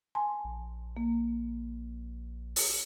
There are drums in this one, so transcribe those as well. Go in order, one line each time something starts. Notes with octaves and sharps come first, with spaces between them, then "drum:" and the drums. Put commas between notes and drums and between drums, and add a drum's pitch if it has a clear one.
G#5 A5 C6
A#1
A#3
drum: open hi-hat